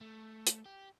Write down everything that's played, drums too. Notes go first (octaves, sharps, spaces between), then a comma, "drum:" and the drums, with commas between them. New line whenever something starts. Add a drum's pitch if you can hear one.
A3
drum: hi-hat
G4